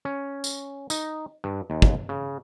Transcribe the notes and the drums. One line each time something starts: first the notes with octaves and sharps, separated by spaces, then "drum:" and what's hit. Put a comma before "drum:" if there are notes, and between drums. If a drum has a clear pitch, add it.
C#4
drum: tambourine
D#4, drum: tambourine
G2
D#2
drum: kick
C#3